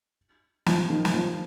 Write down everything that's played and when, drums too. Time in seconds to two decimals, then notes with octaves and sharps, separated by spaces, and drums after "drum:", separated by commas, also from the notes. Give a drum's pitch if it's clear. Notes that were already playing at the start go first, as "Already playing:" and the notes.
0.66 F3, drum: snare
0.90 D#3
1.05 drum: snare
1.14 F3